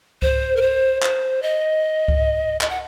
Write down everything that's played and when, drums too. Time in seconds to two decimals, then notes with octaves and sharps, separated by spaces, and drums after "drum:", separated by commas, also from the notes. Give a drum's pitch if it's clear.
0.22 C5, drum: kick C#2
0.57 A#4
0.61 C5
1.02 C5, drum: clap
1.42 D#5
2.08 drum: kick C#2
2.61 D#5, drum: clap
2.70 F#5